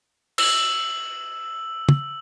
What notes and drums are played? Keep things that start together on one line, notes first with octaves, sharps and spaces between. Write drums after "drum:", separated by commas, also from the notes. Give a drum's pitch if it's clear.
E6 F#7, drum: cymbal
drum: tom